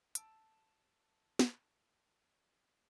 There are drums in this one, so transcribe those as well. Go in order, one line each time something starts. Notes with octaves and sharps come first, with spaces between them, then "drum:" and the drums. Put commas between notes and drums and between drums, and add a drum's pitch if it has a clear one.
A5 E6 D7, drum: hi-hat
drum: snare